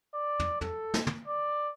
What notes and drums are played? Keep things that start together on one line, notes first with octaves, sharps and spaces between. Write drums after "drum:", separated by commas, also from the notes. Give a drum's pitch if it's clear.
D5
drum: tom
A4, drum: tom
drum: snare
drum: tom
D5